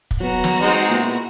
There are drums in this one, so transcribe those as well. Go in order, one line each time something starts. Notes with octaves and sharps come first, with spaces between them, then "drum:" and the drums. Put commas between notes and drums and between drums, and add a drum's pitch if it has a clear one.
drum: kick
F#3 B3 F#4 A#5
drum: snare
G#3 C4 D#4
A#2 B3 E4